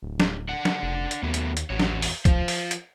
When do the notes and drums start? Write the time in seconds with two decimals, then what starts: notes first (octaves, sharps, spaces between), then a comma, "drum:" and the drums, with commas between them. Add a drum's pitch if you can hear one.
0.02 D1
0.20 drum: snare
0.49 D4 F#5
0.65 drum: snare
0.83 F1
1.11 drum: hi-hat
1.23 D#2 F#3 A3 B3
1.34 drum: hi-hat
1.57 drum: hi-hat
1.70 A1 E2 F#4 C#5
1.80 drum: snare
2.02 drum: open hi-hat
2.25 F3 C5 F5, drum: kick, hi-hat
2.48 drum: open hi-hat
2.71 drum: hi-hat